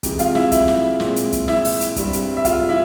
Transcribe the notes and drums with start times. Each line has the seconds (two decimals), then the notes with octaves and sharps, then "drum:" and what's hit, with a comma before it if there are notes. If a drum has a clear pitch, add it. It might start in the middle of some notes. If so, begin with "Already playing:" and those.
0.03 F2 C3 E3 G#3, drum: kick, hi-hat
0.19 F4 F5, drum: hi-hat
0.35 E4 E5, drum: snare
0.52 E4 E5, drum: kick, hi-hat
0.68 drum: snare
1.00 A#2 G#3 C4, drum: snare
1.16 drum: hi-hat
1.32 drum: kick, hi-hat
1.48 E4 E5, drum: snare
1.65 drum: open hi-hat
1.81 drum: hi-hat
1.96 G2 G3 C4, drum: kick, hi-hat
2.13 drum: hi-hat
2.37 E5
2.45 F4 F5, drum: kick, hi-hat
2.69 E4 E5